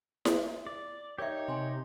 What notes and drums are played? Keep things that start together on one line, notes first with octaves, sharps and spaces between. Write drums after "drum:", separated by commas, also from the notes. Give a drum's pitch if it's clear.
drum: snare E4
D5
D#4 G4 A#4 C#5 D5 E5
C3 G#5 C6